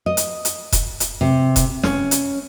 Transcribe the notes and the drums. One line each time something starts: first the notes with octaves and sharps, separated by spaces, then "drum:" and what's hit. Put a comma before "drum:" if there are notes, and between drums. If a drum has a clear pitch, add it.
D#5
drum: hi-hat
drum: hi-hat
drum: kick E1, hi-hat
drum: hi-hat
C3
drum: kick E1, hi-hat
C#4, drum: snare
drum: hi-hat